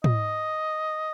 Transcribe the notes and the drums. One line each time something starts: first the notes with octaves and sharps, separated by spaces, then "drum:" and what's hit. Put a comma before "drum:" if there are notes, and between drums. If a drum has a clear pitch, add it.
D#5, drum: tom